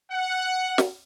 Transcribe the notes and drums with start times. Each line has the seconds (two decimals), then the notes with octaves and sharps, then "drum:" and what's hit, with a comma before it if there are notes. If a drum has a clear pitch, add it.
0.11 F#5
0.78 drum: snare